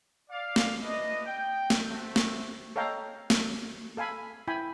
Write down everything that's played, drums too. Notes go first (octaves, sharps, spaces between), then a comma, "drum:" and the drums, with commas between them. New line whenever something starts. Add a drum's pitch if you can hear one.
D5 F5
drum: snare
D4 E4 B4 D#5
G5
drum: snare
A3 C4 F#4
drum: snare
A4 C#5 D#5 F5 G5 A#5
drum: snare
A4 F5 G#5 B5
E4 G5 G#5 B5